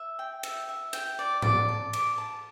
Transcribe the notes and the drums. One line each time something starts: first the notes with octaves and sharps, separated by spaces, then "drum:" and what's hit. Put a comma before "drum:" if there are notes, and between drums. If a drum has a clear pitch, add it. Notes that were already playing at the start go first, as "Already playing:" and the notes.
Already playing: E5
G5
E5, drum: cymbal
E5
G5, drum: cymbal
D5
D5, drum: tom G#2
A5
D6, drum: cymbal
A5